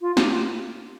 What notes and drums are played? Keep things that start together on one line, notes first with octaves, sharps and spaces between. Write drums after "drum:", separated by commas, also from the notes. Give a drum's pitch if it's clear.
F4
G4, drum: snare
F4